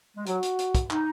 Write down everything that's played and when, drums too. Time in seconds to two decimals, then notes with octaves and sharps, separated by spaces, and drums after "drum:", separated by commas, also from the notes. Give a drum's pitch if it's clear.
0.17 G#3
0.26 F#3 F#4, drum: hi-hat
0.43 drum: hi-hat
0.59 drum: hi-hat
0.75 drum: kick, hi-hat
0.91 D#4, drum: clap